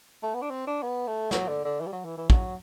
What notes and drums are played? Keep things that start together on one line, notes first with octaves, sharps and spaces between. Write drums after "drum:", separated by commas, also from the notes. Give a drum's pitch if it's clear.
A3
B3
D4
C4
D4
B3
A3
F#3, drum: snare
D3
D3
E3
G3
F#3
E3
E3
F#3, drum: kick